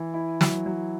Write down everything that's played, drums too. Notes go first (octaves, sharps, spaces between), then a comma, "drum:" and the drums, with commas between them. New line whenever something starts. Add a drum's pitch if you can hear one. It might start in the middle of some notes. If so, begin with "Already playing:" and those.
Already playing: E3
E4
F#3, drum: snare
F#3